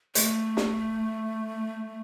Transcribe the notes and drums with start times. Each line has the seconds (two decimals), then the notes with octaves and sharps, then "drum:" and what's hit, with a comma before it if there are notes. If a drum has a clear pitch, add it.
0.15 A3, drum: hi-hat
0.57 drum: snare